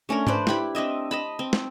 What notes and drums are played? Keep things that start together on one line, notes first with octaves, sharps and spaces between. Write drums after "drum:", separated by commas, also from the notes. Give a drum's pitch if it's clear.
A3 C#4 D4 A#4
B4 C5 D5 C6, drum: tom G#2
E4 G4 B5, drum: snare
C4 D4 D#5 E5
D#5 A5 B5
C4
drum: snare